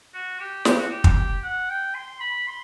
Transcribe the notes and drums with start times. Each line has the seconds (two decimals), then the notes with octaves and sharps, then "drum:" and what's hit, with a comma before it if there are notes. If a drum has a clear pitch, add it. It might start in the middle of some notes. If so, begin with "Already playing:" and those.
0.14 F#4
0.40 G4
0.65 G4, drum: snare
0.79 F#4
0.91 G4
1.04 drum: kick
1.43 F#5
1.70 G5
1.95 C6
2.20 B5
2.47 C6